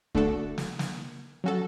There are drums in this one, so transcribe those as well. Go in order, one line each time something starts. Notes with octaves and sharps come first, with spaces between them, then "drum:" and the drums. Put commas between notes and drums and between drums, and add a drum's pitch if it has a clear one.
D3 A3 D4 F#4 A4, drum: kick
drum: snare
drum: snare
F#3 C#4 F#4 A4